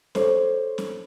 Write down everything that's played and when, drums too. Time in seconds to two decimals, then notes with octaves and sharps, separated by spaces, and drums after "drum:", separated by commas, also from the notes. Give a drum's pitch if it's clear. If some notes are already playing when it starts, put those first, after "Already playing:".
0.15 A4 C5 C#5, drum: snare C#4
0.78 drum: snare C#4